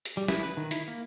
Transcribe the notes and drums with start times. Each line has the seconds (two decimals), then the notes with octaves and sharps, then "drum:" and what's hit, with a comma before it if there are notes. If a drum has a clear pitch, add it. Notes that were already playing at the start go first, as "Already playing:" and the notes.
0.05 drum: hi-hat
0.17 G3
0.28 E4, drum: snare
0.43 B4
0.57 D#3
0.71 E4, drum: hi-hat
0.88 A#3